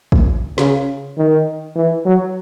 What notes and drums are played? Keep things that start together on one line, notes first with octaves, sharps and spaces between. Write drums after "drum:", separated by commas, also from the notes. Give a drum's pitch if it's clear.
drum: kick A1
C#3, drum: snare
D#3
E3
F#3